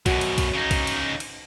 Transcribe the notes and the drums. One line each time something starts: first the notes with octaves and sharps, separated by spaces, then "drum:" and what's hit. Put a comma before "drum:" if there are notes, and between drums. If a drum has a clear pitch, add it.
F#2 B2 F#4, drum: kick, cymbal
drum: cymbal
drum: kick, cymbal
C#3 D#4
drum: kick, cymbal
drum: cymbal
drum: cymbal